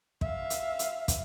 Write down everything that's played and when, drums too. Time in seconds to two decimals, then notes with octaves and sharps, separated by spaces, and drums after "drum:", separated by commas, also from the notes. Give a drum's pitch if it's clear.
0.21 E5 F5, drum: kick
0.50 drum: hi-hat
0.79 drum: hi-hat
1.08 drum: kick, hi-hat